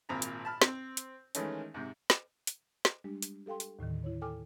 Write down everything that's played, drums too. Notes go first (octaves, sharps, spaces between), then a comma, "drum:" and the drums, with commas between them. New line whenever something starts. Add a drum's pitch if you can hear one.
G#1 A#2 C4 A#5 B5
drum: hi-hat
A5 B5 F6
C4, drum: snare
drum: hi-hat
D#3 E3 G#3 A3 C#4, drum: hi-hat
G#2 C3
drum: snare
drum: hi-hat
drum: snare
G3 G#3 D4 G4
drum: hi-hat
G4 A4 F5 G5 C6
drum: hi-hat
D#2 A2 D3 D#3
E4 C#5
A4 G5 G#5 D6 F6